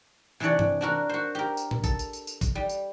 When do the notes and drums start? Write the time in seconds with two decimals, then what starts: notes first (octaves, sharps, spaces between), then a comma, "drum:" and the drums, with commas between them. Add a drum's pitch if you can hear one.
0.40 C3 E3 D4 C#5 D5
0.59 drum: tom G2
0.81 D4 F#4 A#4
1.09 F#4 C5
1.35 G4 A#4
1.57 drum: tambourine
1.71 drum: tom
1.84 A4, drum: kick, tambourine
1.99 drum: tambourine
2.13 drum: tambourine
2.27 drum: tambourine
2.41 drum: kick, tambourine
2.55 G3
2.69 drum: tambourine